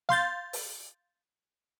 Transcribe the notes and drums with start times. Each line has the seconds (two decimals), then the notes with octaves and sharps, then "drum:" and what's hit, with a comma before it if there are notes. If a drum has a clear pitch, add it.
0.09 F5 C6 G6 A6, drum: snare
0.53 drum: open hi-hat